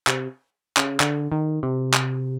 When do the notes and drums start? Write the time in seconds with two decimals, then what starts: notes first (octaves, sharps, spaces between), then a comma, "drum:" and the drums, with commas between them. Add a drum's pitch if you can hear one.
0.07 C3, drum: clap
0.77 C#3, drum: clap
1.00 D3, drum: clap
1.32 D#3
1.63 C3
1.94 drum: clap